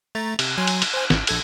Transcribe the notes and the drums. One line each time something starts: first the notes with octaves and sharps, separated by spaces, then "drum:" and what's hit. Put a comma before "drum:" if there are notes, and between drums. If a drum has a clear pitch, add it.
A3 A#5 A6
C3, drum: cymbal
F#3 G#5 C6
drum: cymbal
drum: cymbal
C5 G#5
G#1, drum: snare
A#1 A4 G#6, drum: cymbal